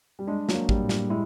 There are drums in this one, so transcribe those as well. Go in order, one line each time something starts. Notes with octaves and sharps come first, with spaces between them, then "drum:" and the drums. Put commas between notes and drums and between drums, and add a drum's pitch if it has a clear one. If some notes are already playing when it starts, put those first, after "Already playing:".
G3
G#3 D4
F#3, drum: snare
A#3
G3, drum: kick A1
A2
G3, drum: snare
G#3 E4